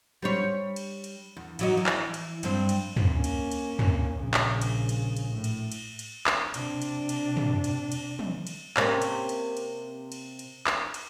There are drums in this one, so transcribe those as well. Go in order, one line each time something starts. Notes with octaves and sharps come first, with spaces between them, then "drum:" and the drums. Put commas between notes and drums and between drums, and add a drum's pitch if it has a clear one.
G3 C5 C#5
drum: cymbal
drum: cymbal
E2
E3 F#3 D#4, drum: cymbal
E3
drum: clap
drum: cymbal
G2 C4, drum: cymbal
drum: cymbal
drum: tom
A#3 C#4
drum: cymbal
drum: cymbal
drum: tom
A#1 C#3
drum: clap
drum: cymbal
drum: cymbal
drum: cymbal
A2
drum: cymbal
drum: cymbal
drum: cymbal
drum: clap
C3 D4, drum: cymbal
drum: cymbal
drum: cymbal
drum: tom
drum: cymbal
drum: cymbal
drum: tom
drum: cymbal
C3 A#3 C#4, drum: clap
drum: cymbal
drum: cymbal
drum: cymbal
drum: cymbal
drum: cymbal
drum: clap
drum: cymbal